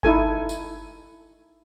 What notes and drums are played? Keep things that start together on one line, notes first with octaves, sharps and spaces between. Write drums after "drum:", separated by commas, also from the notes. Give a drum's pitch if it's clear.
D#4 E4 A4 G#5, drum: kick G1
drum: tambourine